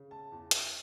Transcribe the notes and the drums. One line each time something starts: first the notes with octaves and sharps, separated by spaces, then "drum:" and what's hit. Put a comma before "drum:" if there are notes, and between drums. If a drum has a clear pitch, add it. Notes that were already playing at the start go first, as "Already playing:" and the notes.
Already playing: C#3
A5
E2
drum: hi-hat